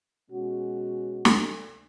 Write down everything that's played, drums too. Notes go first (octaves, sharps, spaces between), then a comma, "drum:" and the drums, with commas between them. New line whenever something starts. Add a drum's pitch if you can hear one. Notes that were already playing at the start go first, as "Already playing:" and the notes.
B2 G#3 C#4 F#4
drum: snare